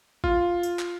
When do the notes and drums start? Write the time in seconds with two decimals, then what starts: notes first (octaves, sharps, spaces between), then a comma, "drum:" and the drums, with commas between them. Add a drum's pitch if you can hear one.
0.24 F4, drum: kick
0.63 drum: tambourine
0.79 drum: clap